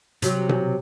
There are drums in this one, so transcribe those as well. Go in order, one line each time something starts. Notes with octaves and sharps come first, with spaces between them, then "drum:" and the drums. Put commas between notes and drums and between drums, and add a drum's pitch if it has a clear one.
C3 F#3, drum: hi-hat
drum: tom B2